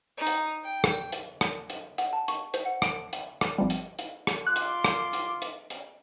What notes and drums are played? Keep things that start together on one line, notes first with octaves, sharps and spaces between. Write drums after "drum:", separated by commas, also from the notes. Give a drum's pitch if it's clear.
D#4
drum: hi-hat
G5
drum: rim click
drum: hi-hat
drum: rim click
drum: hi-hat
F#5, drum: hi-hat
A5
C#6, drum: hi-hat
C5, drum: hi-hat
F#5
D7, drum: rim click
drum: hi-hat
drum: rim click
G#1 F3 G3
drum: hi-hat
drum: hi-hat
drum: rim click
F4 C6 D6 F#6
drum: hi-hat
drum: rim click
drum: hi-hat
drum: hi-hat
drum: hi-hat